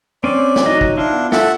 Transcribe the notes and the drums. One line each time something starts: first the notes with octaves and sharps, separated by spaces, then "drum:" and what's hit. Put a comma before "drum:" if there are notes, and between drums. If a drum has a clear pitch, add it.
C4 C#4 D5 D#7
drum: snare
F#3 D#4 D#5
drum: kick
D4 E4 F4
B3 F#5
F4 A4 E5 F#5, drum: snare